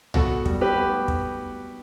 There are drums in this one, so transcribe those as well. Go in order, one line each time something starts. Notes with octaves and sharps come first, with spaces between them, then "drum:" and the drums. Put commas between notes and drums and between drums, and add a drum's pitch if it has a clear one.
B3 F#4 A4, drum: tom C2
G3, drum: kick
G4 B4
B3
drum: kick